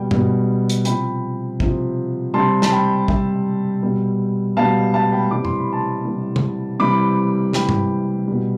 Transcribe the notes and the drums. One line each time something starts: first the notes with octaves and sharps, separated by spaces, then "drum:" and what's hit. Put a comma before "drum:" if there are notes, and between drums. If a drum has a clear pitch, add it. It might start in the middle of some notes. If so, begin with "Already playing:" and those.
Already playing: B2 G3 G5
B2 G3, drum: tom G2
drum: hi-hat
C3 F3 G5 B5, drum: hi-hat
C3 F3, drum: kick
C3 G3 A5 C6
A5, drum: snare
G5 B5
C3 G3 E5 G5, drum: kick
B2 G3
B2 G3 F5 A5
F5 A5
G5 B5
C3 E3 G3 D6
C6, drum: tom F#2
B5
A5 C6
C3 E3 G3
drum: tom
C3 E3 G3 B5 D6
C3 E3 G3 G5 B5, drum: snare
drum: tom G2
B2 G3